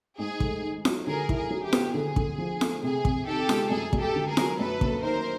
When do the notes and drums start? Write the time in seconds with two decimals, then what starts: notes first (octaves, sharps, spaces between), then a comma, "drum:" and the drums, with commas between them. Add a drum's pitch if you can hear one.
0.18 G#2 G#4
0.40 A3, drum: kick
0.62 D#3
0.85 F#3, drum: snare
1.06 D3 G#4 A#4
1.29 E4, drum: kick
1.35 G#4
1.50 F#3
1.65 G4
1.73 B3, drum: snare
1.94 D3 G#4
2.16 D3, drum: kick
2.38 F3
2.61 A3, drum: snare
2.83 C3 G#4
3.05 C3, drum: kick
3.26 D#3 G4 A4
3.49 G#3, drum: snare
3.70 F#2 G#4
3.93 F#2, drum: kick
4.00 G4 A4
4.15 D3
4.29 G#4 A#4
4.37 F#3, drum: snare
4.59 F#2 A4 B4
4.81 A#3, drum: kick
5.02 D#3 A#4 C5